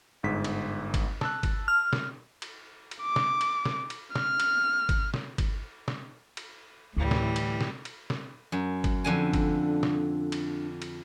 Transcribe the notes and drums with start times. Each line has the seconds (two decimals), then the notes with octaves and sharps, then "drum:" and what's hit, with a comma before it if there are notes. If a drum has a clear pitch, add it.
0.23 G1 G#2 B6
0.44 drum: cymbal
0.94 drum: kick G1, cymbal
1.21 A5 E6 F#6, drum: snare
1.43 drum: kick G1, cymbal
1.68 F6
1.93 drum: snare
2.42 drum: cymbal
2.91 drum: cymbal
3.02 D6
3.16 drum: snare
3.41 drum: cymbal
3.65 drum: snare
3.90 drum: cymbal
4.15 F6, drum: snare
4.40 drum: cymbal
4.89 drum: kick G1, cymbal
5.14 drum: snare
5.38 drum: kick G1, cymbal
5.88 drum: snare
6.37 drum: cymbal
6.97 D2 A2 E3 G3
7.11 drum: snare
7.36 drum: cymbal
7.61 drum: snare
7.85 drum: cymbal
8.10 drum: snare
8.52 F#2
8.84 drum: kick G1, cymbal
9.04 F2 D3 D4 G#5
9.33 drum: kick G1, cymbal
9.83 drum: snare
10.32 drum: cymbal
10.82 drum: cymbal